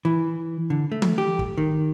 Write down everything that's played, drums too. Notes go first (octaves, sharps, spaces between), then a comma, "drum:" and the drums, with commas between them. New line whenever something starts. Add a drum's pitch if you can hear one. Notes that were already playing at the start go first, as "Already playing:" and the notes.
E3
D3
A3
drum: tom
G4
drum: kick
D#3